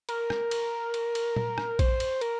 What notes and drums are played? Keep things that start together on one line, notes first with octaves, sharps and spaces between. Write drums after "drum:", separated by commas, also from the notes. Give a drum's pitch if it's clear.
A#4, drum: cymbal
drum: rim click
drum: cymbal
drum: cymbal
drum: cymbal
drum: tom A#2
drum: rim click
C5, drum: kick A#1, cymbal
drum: cymbal
A#4, drum: cymbal